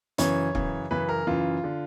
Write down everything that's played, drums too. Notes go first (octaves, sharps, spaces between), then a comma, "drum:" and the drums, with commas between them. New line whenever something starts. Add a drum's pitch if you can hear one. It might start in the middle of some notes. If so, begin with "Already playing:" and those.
F#2 C#3 E3 C#5, drum: hi-hat
F#2 C#3 E3, drum: kick C#1
F#2 C#3 E3 B4
A#4
F#2 C#3 E3 F4
D3